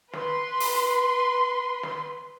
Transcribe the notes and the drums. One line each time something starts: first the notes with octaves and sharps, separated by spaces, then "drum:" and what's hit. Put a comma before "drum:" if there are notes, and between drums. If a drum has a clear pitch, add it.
B4 C6, drum: snare
drum: open hi-hat
drum: snare